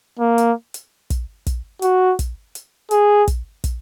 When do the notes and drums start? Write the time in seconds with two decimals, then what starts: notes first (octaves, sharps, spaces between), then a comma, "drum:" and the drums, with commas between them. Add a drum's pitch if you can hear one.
0.19 A#3
0.38 drum: hi-hat
0.74 drum: hi-hat
1.10 drum: kick, hi-hat
1.47 drum: kick, hi-hat
1.82 F#4, drum: hi-hat
2.19 drum: kick, hi-hat
2.55 drum: hi-hat
2.91 G#4, drum: hi-hat
3.28 drum: kick, hi-hat
3.64 drum: kick, hi-hat